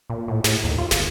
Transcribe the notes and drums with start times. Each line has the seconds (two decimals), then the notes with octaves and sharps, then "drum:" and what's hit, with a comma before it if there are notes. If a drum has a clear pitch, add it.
0.10 A#2
0.28 A2
0.44 A2, drum: snare
0.64 D#2
0.78 F4
0.91 G1, drum: snare